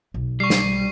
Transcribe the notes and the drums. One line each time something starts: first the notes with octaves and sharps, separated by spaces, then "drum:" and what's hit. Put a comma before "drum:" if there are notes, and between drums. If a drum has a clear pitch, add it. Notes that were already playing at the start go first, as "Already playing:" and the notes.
B1
G3 C#6 C7
drum: snare